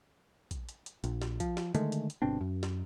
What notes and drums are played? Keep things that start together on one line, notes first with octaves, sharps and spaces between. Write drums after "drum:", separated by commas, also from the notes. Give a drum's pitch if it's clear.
drum: kick A#1, hi-hat
drum: hi-hat
drum: hi-hat
A#1, drum: hi-hat
drum: snare
F3, drum: kick A#1, hi-hat
drum: snare
D3 D#3 G#3 A3, drum: hi-hat
drum: hi-hat
drum: hi-hat
G1 B2 C4 D4
F#2
drum: snare